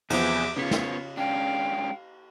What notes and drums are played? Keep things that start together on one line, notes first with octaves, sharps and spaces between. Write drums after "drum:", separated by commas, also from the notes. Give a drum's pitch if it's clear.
E2 C3 F3 B3 G#4 E5 D6, drum: cymbal
C#3 B3 C#4 F4 C#5 B6
drum: snare
G#3 C#4 D4 F5 G5